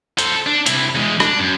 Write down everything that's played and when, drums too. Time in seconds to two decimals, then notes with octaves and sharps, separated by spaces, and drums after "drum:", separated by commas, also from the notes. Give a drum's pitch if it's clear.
0.18 A4 C5, drum: hi-hat
0.47 D4
0.66 C3 E4, drum: hi-hat
0.95 E2 G#3
1.20 D4, drum: rim click
1.39 F#2